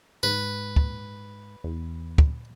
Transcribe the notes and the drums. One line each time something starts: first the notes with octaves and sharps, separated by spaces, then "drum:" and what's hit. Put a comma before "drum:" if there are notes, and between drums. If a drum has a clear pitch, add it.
G#2 B4
drum: kick
E2
drum: kick